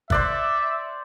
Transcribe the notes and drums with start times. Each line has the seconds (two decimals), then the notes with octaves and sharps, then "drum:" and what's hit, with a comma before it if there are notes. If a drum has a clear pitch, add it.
0.10 C5 D5 E5 F#5, drum: kick